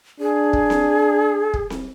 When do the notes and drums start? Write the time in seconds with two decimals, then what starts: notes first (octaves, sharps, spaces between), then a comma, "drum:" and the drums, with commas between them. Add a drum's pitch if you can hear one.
0.20 D4 G#4
0.53 drum: kick
0.70 drum: snare C4
1.54 drum: kick
1.70 drum: snare C4